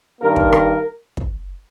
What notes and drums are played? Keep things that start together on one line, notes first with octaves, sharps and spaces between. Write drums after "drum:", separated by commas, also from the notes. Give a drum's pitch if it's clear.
G2 D#3 A#3 A#4
drum: kick
A#4, drum: rim click
drum: kick